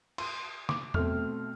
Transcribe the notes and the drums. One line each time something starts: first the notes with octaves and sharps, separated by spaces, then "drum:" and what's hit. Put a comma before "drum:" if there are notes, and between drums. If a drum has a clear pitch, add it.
C6, drum: cymbal
D6, drum: snare D3
B2 A3 C4 F6, drum: tom E2